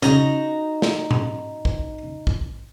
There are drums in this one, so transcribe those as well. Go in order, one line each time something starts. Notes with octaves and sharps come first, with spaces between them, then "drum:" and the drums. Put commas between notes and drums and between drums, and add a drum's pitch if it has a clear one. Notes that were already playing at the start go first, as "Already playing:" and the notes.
C#3 D#4 F#4 A#5, drum: hi-hat
drum: snare
drum: tom A2
drum: kick A#1
drum: kick A#1